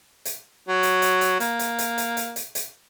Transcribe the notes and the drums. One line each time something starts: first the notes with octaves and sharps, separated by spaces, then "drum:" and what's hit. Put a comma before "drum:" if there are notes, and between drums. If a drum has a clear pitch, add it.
drum: hi-hat
F#3
drum: hi-hat
drum: hi-hat
drum: hi-hat
A#3, drum: hi-hat
drum: hi-hat
drum: hi-hat
drum: hi-hat
drum: hi-hat
drum: hi-hat
drum: hi-hat